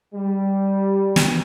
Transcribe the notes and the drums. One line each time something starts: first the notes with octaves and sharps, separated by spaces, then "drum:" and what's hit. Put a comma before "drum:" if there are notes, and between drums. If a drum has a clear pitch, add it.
G3
drum: snare